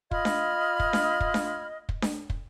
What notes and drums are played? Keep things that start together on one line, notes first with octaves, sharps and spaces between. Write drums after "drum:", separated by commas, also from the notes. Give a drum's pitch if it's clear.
F4 D#5 B5 F6 G#6, drum: kick
drum: snare D4
drum: kick
drum: snare D4
drum: kick
drum: snare D4
drum: kick
drum: snare D4
drum: kick